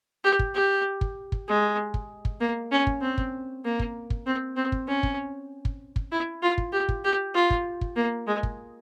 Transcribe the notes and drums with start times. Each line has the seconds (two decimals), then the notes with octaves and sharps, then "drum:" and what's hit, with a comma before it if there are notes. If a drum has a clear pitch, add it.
0.24 G4
0.39 drum: kick
0.54 G4
1.01 drum: kick
1.32 drum: kick
1.48 G#3
1.94 drum: kick
2.25 drum: kick
2.41 A#3
2.72 C#4
2.87 drum: kick
3.02 C4
3.18 drum: kick
3.64 A#3
3.79 drum: kick
4.10 drum: kick
4.26 C4
4.56 C4
4.72 drum: kick
4.88 C#4
5.03 drum: kick
5.65 drum: kick
5.96 drum: kick
6.12 E4
6.43 F4
6.58 drum: kick
6.73 G4
6.89 drum: kick
7.05 G4
7.35 F4
7.50 drum: kick
7.81 drum: kick
7.96 A#3
8.27 G#3
8.43 drum: kick